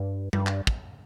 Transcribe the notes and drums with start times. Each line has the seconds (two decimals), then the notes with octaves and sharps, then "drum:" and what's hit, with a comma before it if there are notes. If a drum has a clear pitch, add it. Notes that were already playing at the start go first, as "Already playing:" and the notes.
Already playing: G2
0.33 G2, drum: tom G3
0.47 drum: clap
0.67 drum: kick